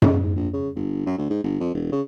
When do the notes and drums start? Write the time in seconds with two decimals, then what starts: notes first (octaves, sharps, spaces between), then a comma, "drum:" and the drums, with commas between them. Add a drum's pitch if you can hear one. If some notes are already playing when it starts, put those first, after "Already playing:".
0.02 C#3, drum: tom F#2
0.23 G#2
0.36 A#1
0.53 C#3
0.75 G1
1.06 F#2
1.18 D2
1.30 G#2
1.44 G1
1.60 F2
1.74 E1
1.92 C#3